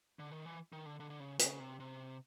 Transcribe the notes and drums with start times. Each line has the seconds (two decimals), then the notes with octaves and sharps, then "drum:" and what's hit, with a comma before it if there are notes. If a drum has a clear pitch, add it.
0.19 D3
0.31 D#3
0.45 E3
0.72 D#3
0.86 D3
1.00 D3
1.10 D3
1.20 C#3
1.39 C#3, drum: hi-hat
1.59 C3
1.80 C3